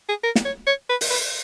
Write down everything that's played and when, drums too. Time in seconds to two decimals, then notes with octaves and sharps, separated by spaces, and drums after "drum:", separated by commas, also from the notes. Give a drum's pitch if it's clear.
0.09 G#4
0.23 A#4
0.35 drum: snare
0.45 C#5
0.67 C#5
0.89 B4
1.01 drum: open hi-hat
1.10 B4